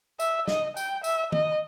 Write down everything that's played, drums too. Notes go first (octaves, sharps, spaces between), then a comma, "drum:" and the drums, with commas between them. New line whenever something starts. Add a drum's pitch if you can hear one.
E5, drum: tambourine
D#5, drum: snare
G5, drum: tambourine
E5, drum: tambourine
D#5, drum: tom D#3